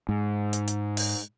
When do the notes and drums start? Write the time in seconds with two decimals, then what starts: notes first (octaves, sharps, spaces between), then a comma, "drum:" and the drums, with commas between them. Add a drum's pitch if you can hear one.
0.09 G#2
0.53 drum: hi-hat
0.68 drum: hi-hat
0.97 drum: open hi-hat